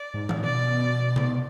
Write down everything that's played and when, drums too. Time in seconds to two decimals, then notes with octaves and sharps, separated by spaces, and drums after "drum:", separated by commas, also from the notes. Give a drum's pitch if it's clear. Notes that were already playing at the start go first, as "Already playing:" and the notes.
Already playing: D5
0.14 G#2
0.29 A2, drum: tom D#3
0.44 B2 D5
1.16 drum: tom C3